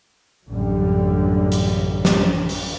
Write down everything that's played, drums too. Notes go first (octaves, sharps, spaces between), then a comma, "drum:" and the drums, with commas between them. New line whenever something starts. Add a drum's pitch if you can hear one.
A1 F#2 D3 G3
drum: hi-hat
drum: snare
drum: open hi-hat